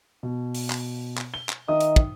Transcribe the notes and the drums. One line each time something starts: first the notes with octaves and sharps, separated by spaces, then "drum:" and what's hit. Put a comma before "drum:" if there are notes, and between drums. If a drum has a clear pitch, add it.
B2
drum: open hi-hat
drum: clap
drum: clap
G7
drum: clap
D#3 D#4 E5 D#6
drum: hi-hat
drum: kick